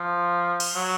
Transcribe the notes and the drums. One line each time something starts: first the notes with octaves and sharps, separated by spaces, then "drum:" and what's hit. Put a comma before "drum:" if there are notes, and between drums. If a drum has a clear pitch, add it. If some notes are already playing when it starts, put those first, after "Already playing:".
Already playing: F3
drum: cymbal
F#3